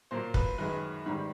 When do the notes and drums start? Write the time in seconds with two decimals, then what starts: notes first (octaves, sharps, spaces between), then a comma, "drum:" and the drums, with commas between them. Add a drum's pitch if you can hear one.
0.11 A#2 F#3 A#3 C5
0.34 B4, drum: kick
0.58 F#2 D#3 G#3 B4
1.06 G#2 D#3 G3